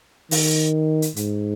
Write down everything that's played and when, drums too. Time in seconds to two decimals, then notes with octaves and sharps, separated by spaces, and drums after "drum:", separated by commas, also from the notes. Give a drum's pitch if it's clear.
0.31 D#3, drum: open hi-hat
1.02 drum: hi-hat
1.16 G#2, drum: hi-hat